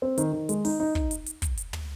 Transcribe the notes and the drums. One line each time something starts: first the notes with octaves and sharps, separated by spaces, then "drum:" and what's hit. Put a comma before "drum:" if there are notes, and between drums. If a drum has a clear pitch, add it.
C4
D#3, drum: hi-hat
D#3
G#3, drum: hi-hat
D#4, drum: open hi-hat
D#4
D#4, drum: kick
drum: hi-hat
drum: hi-hat
drum: kick, hi-hat
drum: hi-hat
drum: tom